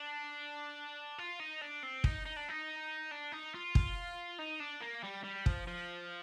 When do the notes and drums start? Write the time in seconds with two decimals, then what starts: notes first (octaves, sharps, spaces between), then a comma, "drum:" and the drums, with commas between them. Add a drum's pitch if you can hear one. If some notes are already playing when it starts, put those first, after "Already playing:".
Already playing: D4
1.19 F4
1.40 D#4
1.61 D4
1.83 C4
2.04 D#4, drum: kick
2.26 D#4
2.36 D4
2.49 D#4
3.11 D4
3.32 D#4
3.54 F4
3.75 drum: kick
4.39 D#4
4.60 D4
4.82 A#3
5.04 G3
5.24 G3
5.46 F3, drum: kick
5.67 F3